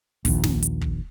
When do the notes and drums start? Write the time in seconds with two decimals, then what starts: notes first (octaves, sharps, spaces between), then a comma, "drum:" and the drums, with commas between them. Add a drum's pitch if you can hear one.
0.25 A#1 D#2, drum: kick, open hi-hat
0.44 drum: snare
0.63 drum: hi-hat
0.81 drum: kick